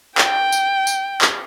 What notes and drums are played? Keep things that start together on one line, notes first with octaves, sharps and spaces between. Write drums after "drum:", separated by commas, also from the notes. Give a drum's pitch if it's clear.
G5, drum: clap
drum: tambourine
drum: tambourine
drum: clap